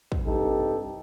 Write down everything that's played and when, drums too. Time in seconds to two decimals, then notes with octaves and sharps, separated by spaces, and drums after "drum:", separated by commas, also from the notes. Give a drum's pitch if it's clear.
0.12 drum: kick
0.25 C2 G2 D#4 G4 A4